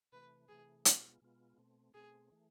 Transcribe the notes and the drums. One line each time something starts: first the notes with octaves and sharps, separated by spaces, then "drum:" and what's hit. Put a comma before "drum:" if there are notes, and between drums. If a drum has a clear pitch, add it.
C3 E3 A3 B4
C3 E3 A3 G#4
B2 G#3 B3 F4, drum: hi-hat
B2 G#3 B3 F4
B2 A3 C4
B2 A3 C4 G#4
E3 A3